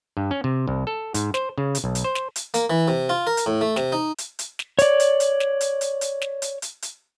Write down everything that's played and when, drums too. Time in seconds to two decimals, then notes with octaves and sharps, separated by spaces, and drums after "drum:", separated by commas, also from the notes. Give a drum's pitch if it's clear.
0.17 G2
0.31 C#4
0.44 C3
0.68 C2
0.87 A4
1.14 G#2, drum: hi-hat
1.34 C5, drum: snare
1.58 C#3
1.75 drum: hi-hat
1.84 B1
1.95 drum: hi-hat
2.04 C5
2.15 drum: snare
2.36 drum: hi-hat
2.54 A#3, drum: hi-hat
2.70 E3
2.88 C3
3.09 F4
3.27 A#4
3.37 drum: hi-hat
3.46 A2
3.61 A3
3.76 C3, drum: snare
3.92 D#4
4.18 drum: hi-hat
4.39 drum: hi-hat
4.59 drum: snare
4.79 C#5 D5, drum: hi-hat
5.00 drum: hi-hat
5.20 drum: hi-hat
5.40 drum: snare
5.61 drum: hi-hat
5.81 drum: hi-hat
6.01 drum: hi-hat
6.21 drum: snare
6.42 drum: hi-hat
6.62 drum: hi-hat
6.82 drum: hi-hat